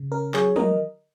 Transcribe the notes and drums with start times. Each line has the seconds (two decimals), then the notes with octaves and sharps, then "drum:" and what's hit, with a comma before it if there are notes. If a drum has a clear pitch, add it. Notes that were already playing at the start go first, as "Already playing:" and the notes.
Already playing: C#3
0.11 C#4 A#4
0.34 F#3 G#4 C#5, drum: clap
0.56 F#3 A#4 D#5, drum: tom